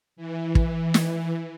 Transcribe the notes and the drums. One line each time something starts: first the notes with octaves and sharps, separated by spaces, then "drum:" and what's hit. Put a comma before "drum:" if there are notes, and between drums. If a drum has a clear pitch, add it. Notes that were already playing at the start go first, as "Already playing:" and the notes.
E3
drum: kick
drum: snare